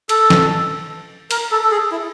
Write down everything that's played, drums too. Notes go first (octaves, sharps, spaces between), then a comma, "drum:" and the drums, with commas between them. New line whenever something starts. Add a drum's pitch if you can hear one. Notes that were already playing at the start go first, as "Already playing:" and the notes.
A4, drum: cymbal
drum: snare
A#4, drum: cymbal
A4
A4
G#4
E4